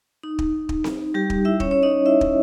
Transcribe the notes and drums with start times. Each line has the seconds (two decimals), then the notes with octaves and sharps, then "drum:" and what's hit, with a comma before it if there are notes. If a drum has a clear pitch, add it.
0.23 D#4
0.39 drum: kick
0.69 drum: kick
0.84 drum: snare C4
1.14 G3 G4
1.30 drum: kick
1.45 E4 E5
1.60 C#4 C#5, drum: kick
1.71 C#4 C#5
1.83 D#4 D#5
2.06 E4 E5
2.21 drum: kick